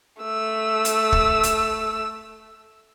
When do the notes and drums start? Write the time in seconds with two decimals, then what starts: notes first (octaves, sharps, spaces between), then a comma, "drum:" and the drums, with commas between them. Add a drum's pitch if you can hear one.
0.22 A3 E6
0.85 drum: hi-hat
1.12 drum: kick
1.43 drum: hi-hat